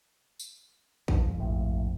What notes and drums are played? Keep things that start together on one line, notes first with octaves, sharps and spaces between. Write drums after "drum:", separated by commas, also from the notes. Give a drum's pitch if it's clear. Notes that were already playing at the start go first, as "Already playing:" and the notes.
drum: tambourine
F#1 F2 G#2, drum: kick A1
A#1 A2